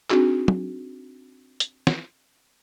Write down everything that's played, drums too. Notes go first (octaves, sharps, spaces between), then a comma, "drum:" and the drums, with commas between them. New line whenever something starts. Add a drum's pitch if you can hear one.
C4 D4 D#4 F#4 G#4, drum: clap
drum: tom
drum: hi-hat
drum: snare